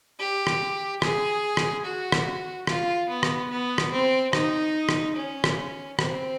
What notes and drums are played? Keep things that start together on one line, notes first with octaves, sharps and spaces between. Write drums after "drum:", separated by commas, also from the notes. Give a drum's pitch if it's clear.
G4
drum: rim click
G#4, drum: rim click
drum: rim click
F#4
drum: rim click
F4, drum: rim click
B3
drum: rim click
B3
drum: rim click
C4
D#4, drum: rim click
drum: rim click
C#4
drum: rim click
C4, drum: rim click